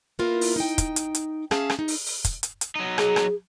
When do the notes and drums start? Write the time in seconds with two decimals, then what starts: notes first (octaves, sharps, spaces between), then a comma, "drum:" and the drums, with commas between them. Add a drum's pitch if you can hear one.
0.19 A#3 B3 E4 F4 A#4
0.41 drum: open hi-hat
0.56 D#4 G5
0.78 drum: kick, hi-hat
0.96 drum: hi-hat
1.15 drum: hi-hat
1.51 C#4 G#4 E5 F5 A5, drum: rim click
1.70 drum: rim click
1.79 D#4
1.88 drum: open hi-hat
2.06 drum: open hi-hat
2.25 drum: kick, hi-hat
2.43 drum: hi-hat
2.61 drum: hi-hat
2.75 F#3 D#4
2.98 G#4, drum: rim click
3.16 drum: rim click